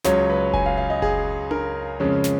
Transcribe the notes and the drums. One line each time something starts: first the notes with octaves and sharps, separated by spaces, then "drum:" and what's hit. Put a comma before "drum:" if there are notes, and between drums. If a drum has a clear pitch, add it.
C#2 C#3 F#3 C#4 C#5, drum: snare
B4
G#5, drum: kick F1
F5
F5
D#5
G#4, drum: kick F1
A#4, drum: tom D4
F2 C#3 G#3 C#4
drum: snare